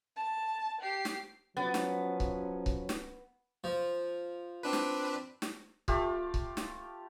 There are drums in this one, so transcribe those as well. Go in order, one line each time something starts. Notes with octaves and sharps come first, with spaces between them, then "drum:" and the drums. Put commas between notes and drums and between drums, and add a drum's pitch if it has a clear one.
A5
G4 C7
drum: snare
F3 F#3 B3 C#4
drum: snare
drum: kick C#1
drum: kick C#1
drum: snare
F3
C4 D4 B4
drum: snare
drum: snare
A3 F4 G4, drum: kick C#1
drum: kick C#1
drum: snare